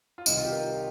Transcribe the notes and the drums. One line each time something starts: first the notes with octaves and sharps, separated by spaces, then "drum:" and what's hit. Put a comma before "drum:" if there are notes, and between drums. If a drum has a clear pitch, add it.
F4
C2 C3 D#3 D#4, drum: tambourine
F4
G4
F4 A#4